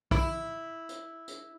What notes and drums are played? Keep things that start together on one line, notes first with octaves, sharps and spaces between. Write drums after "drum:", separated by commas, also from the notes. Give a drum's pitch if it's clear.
E4, drum: kick
drum: hi-hat
drum: hi-hat